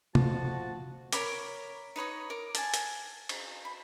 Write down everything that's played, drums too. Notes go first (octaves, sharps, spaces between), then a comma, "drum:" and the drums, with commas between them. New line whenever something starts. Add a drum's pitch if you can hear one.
F2 F3 F#4 A5, drum: tom C3
A#4 C#5 B5 D6, drum: hi-hat
D#4 B4 C#5 D#5
A#4 D6
G#5 A5, drum: hi-hat
drum: hi-hat
drum: cymbal
B5